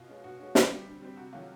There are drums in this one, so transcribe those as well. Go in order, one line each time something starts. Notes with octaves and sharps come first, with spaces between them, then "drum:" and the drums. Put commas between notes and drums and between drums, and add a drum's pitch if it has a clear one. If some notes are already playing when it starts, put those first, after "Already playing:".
Already playing: B2 F4
G#3 C#4
B2 F#4
G#3 C#4
D3 G4, drum: snare
G3 C4
D3
G3 C4
C3 F#4
D#3 F#3 A3 F4